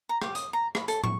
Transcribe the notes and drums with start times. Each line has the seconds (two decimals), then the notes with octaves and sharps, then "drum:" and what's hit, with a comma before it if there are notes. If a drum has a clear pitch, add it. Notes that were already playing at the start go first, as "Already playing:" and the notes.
0.09 A#5
0.22 G4, drum: rim click
0.35 D#6, drum: hi-hat
0.53 A#5
0.75 B5, drum: rim click
0.88 A4, drum: hi-hat
1.03 C#6, drum: tom